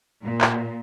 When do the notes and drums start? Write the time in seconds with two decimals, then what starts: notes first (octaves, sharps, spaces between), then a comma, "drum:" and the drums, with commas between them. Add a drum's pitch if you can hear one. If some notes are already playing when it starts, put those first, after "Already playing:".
0.23 A#2
0.41 drum: clap